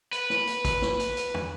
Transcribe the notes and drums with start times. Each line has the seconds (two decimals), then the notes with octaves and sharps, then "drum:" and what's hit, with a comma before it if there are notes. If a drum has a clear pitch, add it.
0.12 B4, drum: hi-hat
0.30 drum: snare
0.47 drum: hi-hat
0.65 drum: kick, hi-hat
0.82 drum: snare
1.00 drum: hi-hat
1.17 drum: hi-hat
1.34 drum: tom